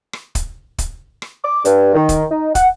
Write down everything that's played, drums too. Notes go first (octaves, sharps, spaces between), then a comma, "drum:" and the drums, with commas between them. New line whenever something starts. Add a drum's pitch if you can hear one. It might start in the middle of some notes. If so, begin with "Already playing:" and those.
drum: rim click
drum: kick, hi-hat
drum: kick, hi-hat
drum: rim click
D6
G2, drum: hi-hat
D#3
drum: kick, hi-hat
D#4
F#5, drum: kick, hi-hat